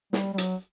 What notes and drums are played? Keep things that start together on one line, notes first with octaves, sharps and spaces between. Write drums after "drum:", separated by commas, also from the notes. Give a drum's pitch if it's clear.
G3, drum: snare
G3
F#3, drum: hi-hat